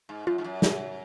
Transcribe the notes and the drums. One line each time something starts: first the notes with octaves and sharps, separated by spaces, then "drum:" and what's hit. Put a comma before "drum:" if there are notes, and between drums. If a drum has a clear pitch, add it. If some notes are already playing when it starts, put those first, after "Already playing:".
G#2
F#2 F4
G#2
F#2
drum: snare